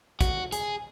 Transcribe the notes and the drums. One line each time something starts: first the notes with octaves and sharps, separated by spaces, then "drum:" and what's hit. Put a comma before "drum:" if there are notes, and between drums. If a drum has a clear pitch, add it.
F#4, drum: kick, hi-hat
G#4, drum: hi-hat